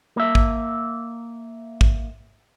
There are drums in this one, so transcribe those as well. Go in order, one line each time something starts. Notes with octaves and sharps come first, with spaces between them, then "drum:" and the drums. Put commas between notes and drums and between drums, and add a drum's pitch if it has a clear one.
A#3 E5
drum: kick
drum: kick